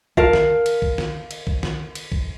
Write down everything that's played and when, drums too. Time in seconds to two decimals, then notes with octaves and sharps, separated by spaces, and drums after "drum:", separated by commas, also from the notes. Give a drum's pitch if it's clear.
0.17 A#4 F5 A5, drum: kick B1
0.33 drum: snare
0.66 drum: cymbal
0.82 drum: kick B1
0.98 drum: snare
1.31 drum: cymbal
1.47 drum: kick B1
1.63 drum: snare
1.95 drum: cymbal
2.12 drum: kick B1